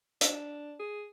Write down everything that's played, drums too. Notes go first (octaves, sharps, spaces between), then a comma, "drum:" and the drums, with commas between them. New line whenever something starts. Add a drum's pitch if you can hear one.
D4, drum: hi-hat
G#4